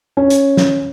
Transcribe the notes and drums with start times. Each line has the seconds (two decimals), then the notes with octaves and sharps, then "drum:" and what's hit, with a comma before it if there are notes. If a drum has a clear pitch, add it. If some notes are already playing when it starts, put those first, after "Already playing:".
0.17 C#4
0.30 drum: hi-hat
0.57 drum: snare